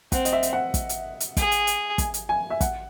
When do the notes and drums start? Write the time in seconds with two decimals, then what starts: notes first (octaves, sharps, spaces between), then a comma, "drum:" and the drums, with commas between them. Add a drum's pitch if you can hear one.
0.12 C4 F#5, drum: kick, hi-hat
0.25 D#5, drum: hi-hat
0.33 E5
0.43 drum: hi-hat
0.53 F#5
0.74 drum: kick, hi-hat
0.89 drum: hi-hat
1.20 drum: hi-hat
1.37 G#4, drum: kick, hi-hat
1.52 drum: hi-hat
1.67 drum: hi-hat
1.98 G#5, drum: kick, hi-hat
2.14 drum: hi-hat
2.29 G#5
2.50 E5
2.61 F#5, drum: kick, hi-hat